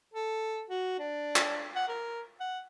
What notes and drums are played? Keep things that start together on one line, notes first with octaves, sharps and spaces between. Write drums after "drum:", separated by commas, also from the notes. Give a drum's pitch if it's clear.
A4
F#4
D4
drum: clap
F#5
A#4
F#5